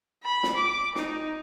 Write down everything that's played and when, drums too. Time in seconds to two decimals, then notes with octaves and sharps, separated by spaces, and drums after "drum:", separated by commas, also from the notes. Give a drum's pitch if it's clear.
0.24 B5
0.43 drum: snare
0.56 D6
0.95 D#4, drum: snare